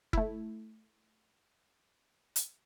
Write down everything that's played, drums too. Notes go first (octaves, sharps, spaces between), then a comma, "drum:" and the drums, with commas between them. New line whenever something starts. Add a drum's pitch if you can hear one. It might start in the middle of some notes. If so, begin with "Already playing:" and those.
A3 E4, drum: kick
drum: hi-hat